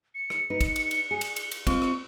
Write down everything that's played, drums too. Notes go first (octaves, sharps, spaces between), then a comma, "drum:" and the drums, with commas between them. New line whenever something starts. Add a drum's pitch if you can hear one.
C#7
drum: rim click
D#4 B4
drum: kick, cymbal
drum: cymbal
drum: cymbal
G#4
drum: cymbal
drum: cymbal
drum: cymbal
C4 F4 D#5 C#6, drum: kick, cymbal
drum: rim click